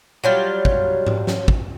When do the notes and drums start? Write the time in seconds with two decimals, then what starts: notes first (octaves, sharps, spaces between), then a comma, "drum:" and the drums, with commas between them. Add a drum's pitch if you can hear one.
0.24 F#3 G3 F4
0.65 drum: kick
1.07 drum: tom G#2
1.27 drum: snare
1.48 drum: kick